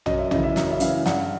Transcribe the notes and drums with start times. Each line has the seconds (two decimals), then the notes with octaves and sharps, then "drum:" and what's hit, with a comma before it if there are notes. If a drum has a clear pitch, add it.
0.06 F#2 D#5, drum: tom A#1
0.19 E5
0.31 C#3 E3 D#5, drum: tom A#1
0.44 E5
0.56 F#2, drum: snare
0.71 E5
0.80 C#3 E3 F5, drum: hi-hat
1.06 G2 F#5, drum: snare